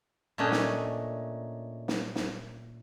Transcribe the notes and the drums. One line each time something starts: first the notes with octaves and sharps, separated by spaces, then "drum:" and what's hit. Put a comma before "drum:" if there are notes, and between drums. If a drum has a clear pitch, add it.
A#2 A3 C#4 D4 D#5
drum: snare
drum: snare
drum: snare